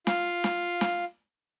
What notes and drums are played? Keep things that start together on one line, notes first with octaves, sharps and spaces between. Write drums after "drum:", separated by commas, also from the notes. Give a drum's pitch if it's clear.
F4 F5, drum: snare
drum: snare
drum: snare